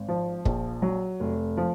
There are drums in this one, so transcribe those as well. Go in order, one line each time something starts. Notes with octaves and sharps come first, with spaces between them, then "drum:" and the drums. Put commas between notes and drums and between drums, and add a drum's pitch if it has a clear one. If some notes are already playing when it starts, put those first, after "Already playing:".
Already playing: G#1
F3
A#1, drum: kick
F#3
F1
F3